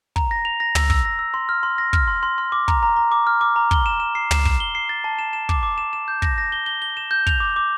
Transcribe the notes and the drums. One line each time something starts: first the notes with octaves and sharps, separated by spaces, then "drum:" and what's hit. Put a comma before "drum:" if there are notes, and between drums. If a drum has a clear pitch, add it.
A#5, drum: kick
A#6
F7
A#6
E6, drum: tom
E6, drum: kick
A#6
E6
C6
F6
C6
A#6
F6, drum: kick
C6
C6
C6
D6
A#5, drum: kick
A#5
A#5
D6
F6
D6
A#5
G7, drum: kick
E7
E7
C7
E7, drum: tom
E7, drum: kick
G7
C7
A6
A5
E7
E7
D6, drum: kick
D6
E7
E7
G6
A#6, drum: kick
A#6
G7
G7
G7
E7
G6
F7, drum: kick
D6
D6